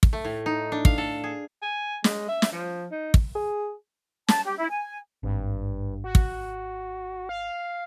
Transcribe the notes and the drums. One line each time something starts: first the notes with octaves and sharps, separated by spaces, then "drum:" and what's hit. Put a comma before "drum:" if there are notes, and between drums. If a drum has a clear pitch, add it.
drum: kick
A3
A2
D#4
D4
F5, drum: kick
A4
G#4
G#5
G#3, drum: snare
E5
drum: snare
F3
D#4
drum: kick
G#4
A5, drum: snare
G4
E4
G#5
G#1 G2
F#4
drum: kick
F5